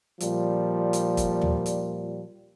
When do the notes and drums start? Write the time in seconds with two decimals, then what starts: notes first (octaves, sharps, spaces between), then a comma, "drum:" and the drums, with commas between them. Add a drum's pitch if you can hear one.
0.20 A#2 F3 G3, drum: hi-hat
0.93 drum: hi-hat
1.17 drum: kick, hi-hat
1.41 drum: tom
1.66 drum: hi-hat